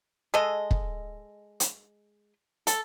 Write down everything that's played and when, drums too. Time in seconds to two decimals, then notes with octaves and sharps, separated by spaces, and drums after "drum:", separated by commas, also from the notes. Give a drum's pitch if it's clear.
0.34 G#3 A4 D#5
0.71 drum: kick
1.60 drum: hi-hat
2.67 A4, drum: hi-hat